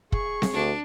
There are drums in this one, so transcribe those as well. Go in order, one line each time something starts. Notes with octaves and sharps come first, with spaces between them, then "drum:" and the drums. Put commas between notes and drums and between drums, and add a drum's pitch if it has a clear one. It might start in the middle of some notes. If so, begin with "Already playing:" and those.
G#4 C#6, drum: kick
drum: snare C4
D2 D4